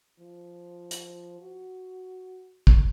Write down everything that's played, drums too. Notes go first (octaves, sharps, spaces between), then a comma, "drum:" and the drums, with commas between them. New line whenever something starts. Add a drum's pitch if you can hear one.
F3
drum: hi-hat
F#4
drum: kick